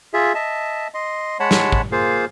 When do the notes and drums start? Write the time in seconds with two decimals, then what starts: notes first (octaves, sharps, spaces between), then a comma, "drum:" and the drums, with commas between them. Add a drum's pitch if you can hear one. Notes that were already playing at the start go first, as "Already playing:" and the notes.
0.14 F4 G#4 E5
0.35 D#5 E5 A5
0.94 D#5 C6
1.40 G#3 C#5 F#5 A5 B5
1.51 drum: snare
1.72 drum: kick
1.92 A#3 F4 G#4 C5 F5